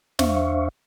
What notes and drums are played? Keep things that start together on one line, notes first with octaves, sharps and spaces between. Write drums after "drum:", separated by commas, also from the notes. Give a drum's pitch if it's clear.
E2 D4 C5 E5 F5 C#6, drum: snare